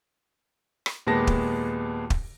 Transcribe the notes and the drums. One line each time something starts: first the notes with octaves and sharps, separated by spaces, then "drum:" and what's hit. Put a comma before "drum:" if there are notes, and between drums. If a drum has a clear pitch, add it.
drum: rim click
D#2 A#2 G#3 B3 A5 A#6
drum: kick
drum: kick